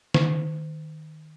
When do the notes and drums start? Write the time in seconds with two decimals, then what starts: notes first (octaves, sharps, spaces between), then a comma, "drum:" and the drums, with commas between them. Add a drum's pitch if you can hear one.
0.14 D#3, drum: snare